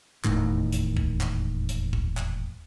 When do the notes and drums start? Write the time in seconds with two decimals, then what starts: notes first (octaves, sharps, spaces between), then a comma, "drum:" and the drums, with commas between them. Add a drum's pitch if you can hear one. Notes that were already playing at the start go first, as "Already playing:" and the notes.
0.24 E1 D#2 A2 D#3, drum: clap
0.73 drum: hi-hat
0.97 drum: kick
1.21 drum: clap
1.69 drum: hi-hat
1.93 drum: kick
2.17 drum: clap